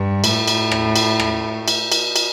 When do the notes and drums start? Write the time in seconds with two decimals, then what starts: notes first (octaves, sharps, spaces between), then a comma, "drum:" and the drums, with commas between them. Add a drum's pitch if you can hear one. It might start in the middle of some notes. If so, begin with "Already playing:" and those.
Already playing: G2
0.24 A2, drum: cymbal
0.48 drum: cymbal
0.72 drum: rim click
0.96 drum: cymbal
1.20 drum: rim click
1.68 drum: cymbal
1.92 drum: cymbal
2.16 drum: cymbal